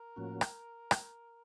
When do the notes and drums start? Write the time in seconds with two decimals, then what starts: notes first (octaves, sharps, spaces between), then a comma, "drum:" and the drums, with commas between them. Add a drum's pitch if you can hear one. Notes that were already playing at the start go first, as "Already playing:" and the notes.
Already playing: A#4
0.16 A2 F3 A#3 C#4 F#4
0.41 drum: rim click
0.91 drum: rim click